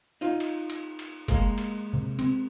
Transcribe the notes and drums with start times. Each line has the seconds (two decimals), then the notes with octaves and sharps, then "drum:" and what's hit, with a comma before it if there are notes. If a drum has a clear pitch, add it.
0.21 D#4 F4
0.40 drum: cymbal
0.70 drum: cymbal
0.99 drum: cymbal
1.28 G#3 A#3, drum: kick F#1, cymbal
1.58 drum: cymbal
1.93 C3
2.19 C4, drum: cymbal